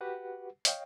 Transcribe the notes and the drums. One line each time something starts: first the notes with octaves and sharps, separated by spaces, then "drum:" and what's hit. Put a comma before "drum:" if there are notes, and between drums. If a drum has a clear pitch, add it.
F#4 G4 B4 F#5
C#5 D#5 F5 G5, drum: hi-hat